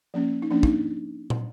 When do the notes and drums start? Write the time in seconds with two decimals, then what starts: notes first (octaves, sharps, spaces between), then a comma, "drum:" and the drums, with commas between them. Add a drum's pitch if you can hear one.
0.14 F3 A#3 C#4
0.42 D#4
0.51 F3 A#3 C#4 D4
0.63 D#4, drum: kick
1.30 drum: tom